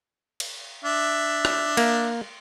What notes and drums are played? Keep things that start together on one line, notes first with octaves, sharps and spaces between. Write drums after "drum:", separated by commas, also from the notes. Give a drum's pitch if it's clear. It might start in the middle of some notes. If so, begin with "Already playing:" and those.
drum: cymbal
D4 E5
drum: rim click
A#3, drum: cymbal